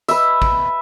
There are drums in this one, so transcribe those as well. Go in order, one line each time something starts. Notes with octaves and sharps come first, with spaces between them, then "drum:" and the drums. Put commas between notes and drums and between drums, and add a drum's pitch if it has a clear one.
B4 E5, drum: tambourine
drum: kick